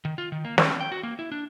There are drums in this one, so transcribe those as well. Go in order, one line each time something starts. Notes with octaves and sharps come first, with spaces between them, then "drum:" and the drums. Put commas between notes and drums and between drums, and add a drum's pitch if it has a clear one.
D#3
F4
D#3
A#3
C#4, drum: snare
G5
F#4
A#3
E4
D4